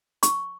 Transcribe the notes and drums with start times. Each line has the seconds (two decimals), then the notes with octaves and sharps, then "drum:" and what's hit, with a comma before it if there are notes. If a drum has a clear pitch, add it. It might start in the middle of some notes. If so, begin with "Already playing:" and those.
0.23 C#6, drum: hi-hat